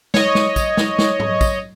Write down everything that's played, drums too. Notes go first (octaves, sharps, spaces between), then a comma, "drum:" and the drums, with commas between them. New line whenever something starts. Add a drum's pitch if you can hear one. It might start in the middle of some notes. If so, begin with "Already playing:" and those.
C#5 D#5, drum: snare
drum: snare
drum: kick, tambourine
drum: snare
drum: snare
drum: tom G#2
drum: kick, tambourine